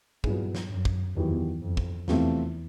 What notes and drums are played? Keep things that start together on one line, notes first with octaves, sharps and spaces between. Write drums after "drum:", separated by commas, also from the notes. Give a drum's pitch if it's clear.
G2 A#2 F#3 B3 E4 G#4, drum: kick
drum: snare
F#2
drum: kick
E2 D#3 F#3 B3 E4 G4
F2
drum: kick
E2 C3 F3 A3 C4 F4, drum: snare